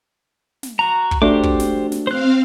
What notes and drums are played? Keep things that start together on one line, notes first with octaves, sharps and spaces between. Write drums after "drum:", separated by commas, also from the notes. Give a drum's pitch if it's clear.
drum: snare
F#4 A#5
drum: kick
A3 D4 F#4 G4 C5 D6
drum: kick
drum: snare
drum: snare
C4 C5 F5 F#6